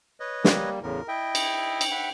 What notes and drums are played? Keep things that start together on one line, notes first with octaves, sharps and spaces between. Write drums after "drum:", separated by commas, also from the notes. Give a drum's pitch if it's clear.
B4 C#5 D#5
G3 A#3, drum: snare
E2 A2 C#3 A#4
E4 D#5 E5 G5
drum: cymbal
drum: cymbal
E5 F#5 B5